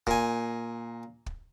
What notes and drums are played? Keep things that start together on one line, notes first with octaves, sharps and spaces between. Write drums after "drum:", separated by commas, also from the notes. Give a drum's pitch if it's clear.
A#2 G#5, drum: kick
drum: kick